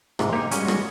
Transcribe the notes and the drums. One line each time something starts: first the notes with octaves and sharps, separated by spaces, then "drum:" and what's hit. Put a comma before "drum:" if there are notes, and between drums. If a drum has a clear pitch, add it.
G#2 C3, drum: rim click
A#3 D#4 G4
G3 G#3 C#4 F#4, drum: hi-hat
drum: rim click